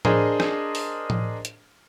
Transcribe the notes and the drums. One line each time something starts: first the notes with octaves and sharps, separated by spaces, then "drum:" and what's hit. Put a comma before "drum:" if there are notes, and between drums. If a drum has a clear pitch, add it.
D4 G#4 A#4 C5 D#5 C6, drum: tom A2
drum: rim click
drum: open hi-hat
drum: tom A2
drum: hi-hat